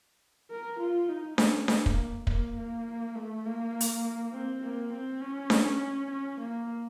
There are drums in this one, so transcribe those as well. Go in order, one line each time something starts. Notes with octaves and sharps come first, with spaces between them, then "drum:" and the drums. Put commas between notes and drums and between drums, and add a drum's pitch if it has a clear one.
A#4
F4
D#4
C#4, drum: snare D4
A#3, drum: snare D4
drum: kick
A#3, drum: kick
A#3
A3
A#3
drum: hi-hat
C4
A#3
C4
C#4
drum: snare D4
C#4
A#3